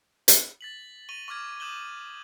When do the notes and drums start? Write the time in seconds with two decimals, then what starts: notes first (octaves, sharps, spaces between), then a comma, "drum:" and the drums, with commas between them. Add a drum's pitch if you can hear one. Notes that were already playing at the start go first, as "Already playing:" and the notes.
0.28 drum: hi-hat
0.61 A6 B6 F#7
1.09 C#6 A#6 D#7 F7 G7
1.28 C#6 D6 F6 G#6
1.60 D6 D#6 G6 E7 F#7 G7